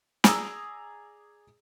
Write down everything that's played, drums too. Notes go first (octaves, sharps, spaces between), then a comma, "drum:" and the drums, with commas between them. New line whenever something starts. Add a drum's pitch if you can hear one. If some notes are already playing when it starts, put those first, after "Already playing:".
G#4 D5 A#5 D#6 E6, drum: snare